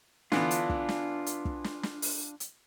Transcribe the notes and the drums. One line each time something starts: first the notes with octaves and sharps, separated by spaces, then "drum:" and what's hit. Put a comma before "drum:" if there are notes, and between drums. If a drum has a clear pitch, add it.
D3 E3 B3 D4 F4, drum: snare
drum: hi-hat
drum: kick
drum: snare
drum: hi-hat
drum: kick
drum: snare
drum: snare
drum: open hi-hat
drum: hi-hat